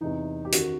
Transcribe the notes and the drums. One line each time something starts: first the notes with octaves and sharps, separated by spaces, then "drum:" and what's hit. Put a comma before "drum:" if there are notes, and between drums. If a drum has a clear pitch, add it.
E2 C3 E3 D#4
G4
F#2 D#3 F#4, drum: hi-hat